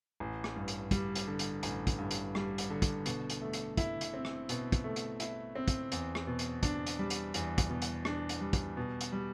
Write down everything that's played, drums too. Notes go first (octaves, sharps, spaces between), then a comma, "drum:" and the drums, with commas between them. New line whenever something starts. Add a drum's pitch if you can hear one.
A1
drum: rim click
G2
drum: hi-hat
G3, drum: kick, hi-hat
drum: hi-hat
D3
drum: hi-hat
A1, drum: hi-hat
drum: kick, hi-hat
G2
drum: hi-hat
G3, drum: rim click
drum: hi-hat
D3
drum: kick, hi-hat
B2, drum: hi-hat
drum: hi-hat
A3
drum: hi-hat
E4, drum: kick, hi-hat
drum: hi-hat
C4
drum: rim click
B2, drum: hi-hat
drum: kick, hi-hat
A3
drum: hi-hat
E4, drum: hi-hat
C4
drum: kick, hi-hat
E2, drum: hi-hat
drum: rim click
B2
drum: hi-hat
D4, drum: kick, hi-hat
drum: hi-hat
G3
drum: hi-hat
E2, drum: hi-hat
drum: kick, hi-hat
B2
drum: hi-hat
D4, drum: rim click
drum: hi-hat
G3
drum: kick, hi-hat
B2
drum: hi-hat
G3